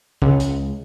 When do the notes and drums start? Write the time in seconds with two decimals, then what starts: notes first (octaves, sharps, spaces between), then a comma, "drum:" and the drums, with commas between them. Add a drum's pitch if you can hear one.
0.22 C#2, drum: kick A#1
0.40 drum: hi-hat